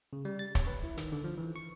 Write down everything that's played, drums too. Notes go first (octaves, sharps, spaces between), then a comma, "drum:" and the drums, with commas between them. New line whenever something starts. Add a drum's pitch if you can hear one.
C#3
G3
A6
C#5, drum: kick, hi-hat
B4
E4
D#3, drum: hi-hat
D3
F3
E3
C#6